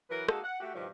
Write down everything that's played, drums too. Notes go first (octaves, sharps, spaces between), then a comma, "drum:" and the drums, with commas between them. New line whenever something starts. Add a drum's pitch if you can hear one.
E3 F#3 A#4 B4
G#3 A#3 D#4 F#4 G#4 A4, drum: rim click
F#5
A3 F#4 G4
G2 B2 D#3 F3 G3